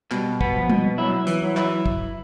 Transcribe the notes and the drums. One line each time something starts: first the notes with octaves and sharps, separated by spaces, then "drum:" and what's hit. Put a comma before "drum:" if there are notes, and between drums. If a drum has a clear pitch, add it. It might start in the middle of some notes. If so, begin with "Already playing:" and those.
B2 G3, drum: clap
B3, drum: kick
F3
B2, drum: tom G3
F#3 E4
E3, drum: hi-hat
F#3
E4, drum: clap
drum: kick